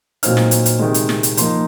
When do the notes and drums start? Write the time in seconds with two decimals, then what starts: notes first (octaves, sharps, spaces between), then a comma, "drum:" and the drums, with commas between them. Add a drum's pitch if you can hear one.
0.23 A#2 F#3 C4 D#4 F6, drum: hi-hat
0.37 drum: snare
0.51 drum: hi-hat
0.66 drum: hi-hat
0.79 C3 D#3 G#3
0.94 drum: hi-hat
1.09 drum: snare
1.23 drum: hi-hat
1.37 F3 A#3 D#4 C6, drum: hi-hat